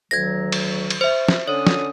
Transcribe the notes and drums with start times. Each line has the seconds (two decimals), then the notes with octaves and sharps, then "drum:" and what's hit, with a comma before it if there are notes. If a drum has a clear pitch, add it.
0.11 D2 D#3 F#3 G#6 A#6
0.52 drum: cymbal
0.90 drum: cymbal
1.01 C5 E5
1.29 drum: snare
1.48 D3 C#4 C#5 D#6
1.67 drum: snare